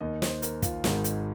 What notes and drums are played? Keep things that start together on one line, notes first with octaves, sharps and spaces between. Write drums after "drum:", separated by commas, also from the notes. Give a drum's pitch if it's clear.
D#2 D#3 D#5
C5, drum: snare
A#4, drum: hi-hat
F4, drum: kick, hi-hat
G#1 G#2 D#3 D#4, drum: snare
drum: hi-hat